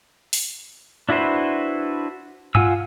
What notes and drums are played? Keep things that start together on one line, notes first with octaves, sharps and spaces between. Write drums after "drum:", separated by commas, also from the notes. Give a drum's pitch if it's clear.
drum: open hi-hat
D4 E4 F#4 B4 C5
F4 F#5 G#5 E6, drum: tom G2